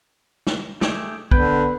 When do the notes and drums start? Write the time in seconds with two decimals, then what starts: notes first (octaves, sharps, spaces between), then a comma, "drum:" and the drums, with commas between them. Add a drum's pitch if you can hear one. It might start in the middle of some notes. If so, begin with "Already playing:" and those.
0.47 drum: snare
0.81 A3 G4 G#4, drum: snare
1.31 D3 B3 B4 G5, drum: kick